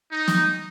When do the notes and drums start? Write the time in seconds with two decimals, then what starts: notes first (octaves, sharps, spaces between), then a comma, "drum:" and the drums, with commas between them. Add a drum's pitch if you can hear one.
0.12 D#4
0.28 drum: snare